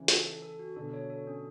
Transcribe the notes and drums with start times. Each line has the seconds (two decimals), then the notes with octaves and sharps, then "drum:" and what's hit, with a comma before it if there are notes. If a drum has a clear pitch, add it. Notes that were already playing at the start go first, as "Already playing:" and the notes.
Already playing: C#3 E3
0.08 A4, drum: hi-hat
0.25 A4
0.42 A4
0.59 F#4
0.76 B2 D3 A4
0.93 C#5
1.10 A4
1.27 C#4